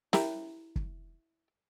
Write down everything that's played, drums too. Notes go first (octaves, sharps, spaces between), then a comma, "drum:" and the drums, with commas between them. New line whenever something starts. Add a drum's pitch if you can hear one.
E4 G4 A#4, drum: snare
drum: kick